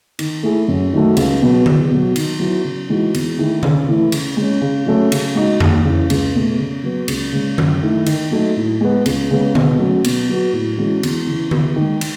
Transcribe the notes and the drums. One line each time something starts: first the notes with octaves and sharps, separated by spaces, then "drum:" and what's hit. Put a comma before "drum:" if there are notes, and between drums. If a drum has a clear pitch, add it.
D#3, drum: cymbal
A3 E4 G#4
F#2
D#3 F#3 A3
C#2, drum: cymbal
B2 F#3 B3
E2, drum: tom D3
B2 F#3
D#3, drum: cymbal
F#3 B3 E4
C#3
E3 G#3 D#4 F#4
E2, drum: cymbal
D#3 A3 E4 G#4
C#3, drum: tom D3
E3 A3 E4
C#3, drum: cymbal
G#3
C#4
C#3
F#3 A3 C#4 F#4
C#3, drum: cymbal
G#3 D#4 F#4
D#2, drum: tom F2
C#3 E3
C#2, drum: cymbal
B2 A3
C#3
F#3 B3
C#2, drum: cymbal
C#3 G#3
F#2, drum: tom D3
D#3 A3 E4
D#3, drum: cymbal
F#3 A3 D#4
A2
G#3 B3
C#2, drum: cymbal
C#3 G#3 B3
B2, drum: tom D3
F#3 A3 C#4
B2, drum: cymbal
F#3 B3 F#4
A2
E3 G#3 C#4 F#4
E2, drum: cymbal
C#3 E3
E2, drum: tom D3
D#3 G#3
drum: cymbal